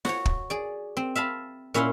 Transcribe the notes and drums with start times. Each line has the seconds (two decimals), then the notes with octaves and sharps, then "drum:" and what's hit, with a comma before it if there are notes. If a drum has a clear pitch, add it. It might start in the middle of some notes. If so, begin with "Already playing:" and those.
0.05 F#4 C#5, drum: snare
0.25 drum: kick
0.50 G#4 D5
0.97 C4
1.15 E5 F5 A5 B5
1.74 A#2 C#4 E4 F5 F#5 C6